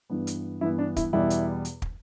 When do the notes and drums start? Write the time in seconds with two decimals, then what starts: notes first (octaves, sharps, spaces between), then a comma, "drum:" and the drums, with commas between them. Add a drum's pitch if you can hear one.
0.10 G2 E3 B3
0.27 drum: hi-hat
0.61 G2 E3 B3 E4
0.78 D4
0.96 E4, drum: kick, hi-hat
1.13 E2 B2 G3 B3 E4
1.30 drum: hi-hat
1.65 drum: hi-hat
1.82 drum: kick